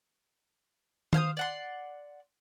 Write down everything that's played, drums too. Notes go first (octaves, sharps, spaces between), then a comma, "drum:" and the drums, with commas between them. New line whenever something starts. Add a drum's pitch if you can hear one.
C5 F5 G#5 D#6, drum: tom D#3
D5 F#5 C6